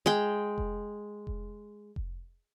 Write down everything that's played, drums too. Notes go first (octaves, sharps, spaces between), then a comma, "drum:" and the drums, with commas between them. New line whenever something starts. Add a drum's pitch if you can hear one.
G#3 G5
drum: kick F1
drum: kick F1
drum: kick F1